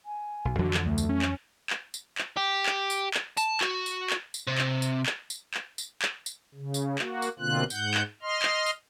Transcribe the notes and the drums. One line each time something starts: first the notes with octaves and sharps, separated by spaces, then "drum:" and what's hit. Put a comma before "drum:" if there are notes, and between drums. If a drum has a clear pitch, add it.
G#5
B1
F2 D3 E3 F#3 F#4
drum: clap
D2 A3
drum: tambourine
C#4
drum: clap
drum: clap
drum: tambourine
drum: clap
G4
drum: clap
drum: tambourine
drum: clap
A5, drum: tambourine
F#4, drum: clap
drum: tambourine
drum: clap
drum: tambourine
C3
drum: clap
drum: tambourine
drum: clap
drum: tambourine
drum: clap
drum: tambourine
drum: clap
drum: tambourine
C#3
drum: tambourine
A#3 F#4, drum: clap
drum: tambourine
B2 D3 A#3 C4 F4 F#6
G#2 F#5 G6, drum: tambourine
drum: clap
D#5 C6 F6
drum: clap
drum: tambourine